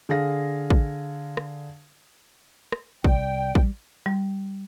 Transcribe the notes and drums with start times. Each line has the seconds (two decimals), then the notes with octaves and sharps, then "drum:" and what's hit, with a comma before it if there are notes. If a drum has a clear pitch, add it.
0.09 D3 G#4 F5 A#6
0.70 drum: kick
1.37 drum: rim click
2.72 drum: rim click
3.04 C2 D5 G5, drum: kick
3.55 G3, drum: kick
4.06 G3